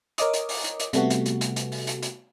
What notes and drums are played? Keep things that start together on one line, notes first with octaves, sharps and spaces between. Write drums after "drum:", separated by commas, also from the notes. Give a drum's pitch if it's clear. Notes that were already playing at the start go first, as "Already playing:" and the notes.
A#4 C#5 D#5 D6 D#6, drum: hi-hat
drum: hi-hat
drum: open hi-hat
drum: hi-hat
drum: hi-hat
C3 G3 A3 B3 F#4, drum: hi-hat
drum: hi-hat
drum: hi-hat
drum: hi-hat
drum: hi-hat
drum: open hi-hat
drum: hi-hat
drum: hi-hat